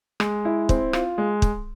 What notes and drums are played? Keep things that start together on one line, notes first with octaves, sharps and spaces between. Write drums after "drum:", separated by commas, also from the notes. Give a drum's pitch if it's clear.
G#3, drum: rim click
E4
C4, drum: kick
F4, drum: rim click
G#3
drum: kick